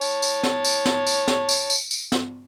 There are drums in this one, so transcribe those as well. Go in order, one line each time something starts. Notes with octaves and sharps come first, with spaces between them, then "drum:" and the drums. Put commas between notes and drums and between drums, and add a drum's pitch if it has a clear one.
C#5 A5, drum: tambourine
drum: tambourine
drum: snare
drum: tambourine
drum: snare
drum: tambourine
drum: snare
drum: tambourine
drum: tambourine
drum: tambourine
drum: snare